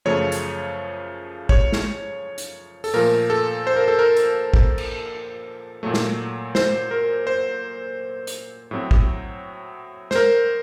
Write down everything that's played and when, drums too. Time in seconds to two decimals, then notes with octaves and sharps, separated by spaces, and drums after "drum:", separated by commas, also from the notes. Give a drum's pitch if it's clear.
0.05 F#2 C#3 F3 A3 C#5
0.32 drum: hi-hat
1.49 C#5, drum: kick
1.72 drum: snare
2.38 drum: hi-hat
2.84 A4, drum: open hi-hat
2.93 A#2 F3 A3 A#4
3.30 A4
3.67 C5
3.76 A#4
3.88 A4
3.99 A#4
4.17 drum: hi-hat
4.54 drum: kick
4.78 drum: cymbal
5.83 A#2 F#3 A3
5.94 drum: snare
6.55 C5, drum: snare
6.91 A#4
7.27 C5
8.27 drum: hi-hat
8.71 A2 F#3 C4
8.91 drum: kick
10.11 C5, drum: snare
10.15 A#4